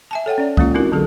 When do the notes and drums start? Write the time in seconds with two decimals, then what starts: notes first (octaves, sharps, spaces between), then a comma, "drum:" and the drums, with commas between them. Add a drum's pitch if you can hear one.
0.11 E5 G#5 A5
0.26 A4 C#5 F#5 G5
0.38 C#4 D5
0.57 G#3 A#3 C#4 F4, drum: kick C2
0.74 C4 D#4 E4 F#4 A#4
0.92 D3 F#3 G#4 A4